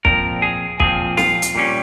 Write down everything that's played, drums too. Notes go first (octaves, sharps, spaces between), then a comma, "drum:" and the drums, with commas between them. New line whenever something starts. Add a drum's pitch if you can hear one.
A#2 F3 C4 A#4, drum: kick
G#4
A#2 F3 C4 G#4, drum: kick
F4, drum: snare
drum: hi-hat
A#2 G3 C#4